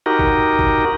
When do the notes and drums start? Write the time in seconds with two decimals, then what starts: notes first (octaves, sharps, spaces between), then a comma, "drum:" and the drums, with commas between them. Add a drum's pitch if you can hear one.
0.06 D#4 F#4 G4 A#4
0.19 drum: kick
0.59 drum: kick